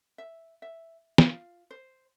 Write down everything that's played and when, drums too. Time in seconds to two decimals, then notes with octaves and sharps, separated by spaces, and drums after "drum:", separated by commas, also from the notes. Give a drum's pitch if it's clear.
0.18 E5
0.62 E5
1.18 F4 F5, drum: snare
1.71 C5